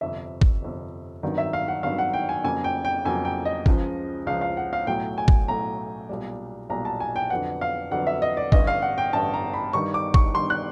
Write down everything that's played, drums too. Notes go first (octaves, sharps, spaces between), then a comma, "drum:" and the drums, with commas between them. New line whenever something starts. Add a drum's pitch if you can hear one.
G1 F2 C3 E5
drum: kick
G1 F2 C3
G#1 G2 D#3 F#3
E5
F5
F#5
G#1 G2 D#3 F#3 F5
F#5
G5
G#5
F2 C#3 F#3 A#3 G#5
G5
G5
F2 C#3 F#3 A#3 G#5
G5
D#5
C#2 C#3 F3, drum: kick
C#2 C#3 F3 F5
F5
F#5
F5
B1 A2 F#3 A3 G5
G#5
drum: kick
B1 A2 F#3 A3 A#5
B1 A#2 G3
B1 A#2 G3 A#5
A5
G#5
G5
F2 D3 F#3 B3 F#5
F5
F2 D3 F#3 B3 F#5
E5
D#5
D5
A1 G2 D3 D#5, drum: kick
F5
F#5
G5
A1 G2 D3 A5
A#5
B5
G2 D#3 G3 C#6
D6
C#6, drum: kick
G2 D#3 G3 C6
F#6